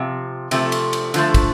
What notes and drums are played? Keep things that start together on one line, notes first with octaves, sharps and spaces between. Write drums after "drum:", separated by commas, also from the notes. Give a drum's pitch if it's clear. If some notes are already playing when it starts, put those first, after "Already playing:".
Already playing: C3 F3
C3 F3 A3, drum: cymbal
drum: cymbal
drum: cymbal
D3 F3 A3, drum: cymbal
drum: kick, cymbal